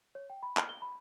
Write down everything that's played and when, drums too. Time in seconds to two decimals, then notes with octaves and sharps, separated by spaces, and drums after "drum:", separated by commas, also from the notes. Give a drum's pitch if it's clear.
0.15 C#5
0.30 G5
0.43 B5
0.57 F6, drum: clap
0.69 G7
0.82 B5